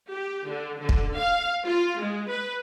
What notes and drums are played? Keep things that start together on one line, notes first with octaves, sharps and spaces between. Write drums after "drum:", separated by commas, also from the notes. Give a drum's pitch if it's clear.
G4
D3
D3
drum: kick
F5
F4
G#3
B4